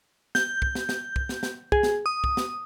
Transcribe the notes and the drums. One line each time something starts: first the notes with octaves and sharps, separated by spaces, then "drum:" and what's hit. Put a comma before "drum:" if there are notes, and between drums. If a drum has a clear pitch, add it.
G6, drum: snare
drum: kick
drum: snare
drum: snare
drum: kick
drum: snare
drum: snare
G#4, drum: kick
drum: snare
D#6
drum: kick
drum: snare